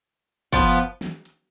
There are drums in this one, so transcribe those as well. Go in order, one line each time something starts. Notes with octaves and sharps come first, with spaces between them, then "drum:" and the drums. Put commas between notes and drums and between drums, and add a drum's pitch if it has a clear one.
F3 B3 F4, drum: kick F#1
drum: hi-hat
drum: snare
drum: hi-hat